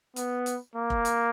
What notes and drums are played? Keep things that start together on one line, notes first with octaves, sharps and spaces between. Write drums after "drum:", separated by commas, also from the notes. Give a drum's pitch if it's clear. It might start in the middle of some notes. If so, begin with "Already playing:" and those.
B3, drum: hi-hat
drum: hi-hat
A#3
drum: kick F1
drum: hi-hat